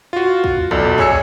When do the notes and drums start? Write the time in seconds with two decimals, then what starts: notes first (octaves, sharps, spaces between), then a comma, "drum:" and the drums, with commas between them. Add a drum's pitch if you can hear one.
0.13 F4 F#4
0.44 drum: kick
0.71 B1 A4 D5, drum: kick
0.98 G#4 C#5 G#5 E6 C#7, drum: kick